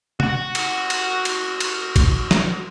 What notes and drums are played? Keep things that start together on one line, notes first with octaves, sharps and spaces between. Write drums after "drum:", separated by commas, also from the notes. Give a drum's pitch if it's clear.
F#4 F#5, drum: tom
drum: cymbal
drum: cymbal
drum: cymbal
drum: cymbal
drum: kick A1, cymbal
drum: snare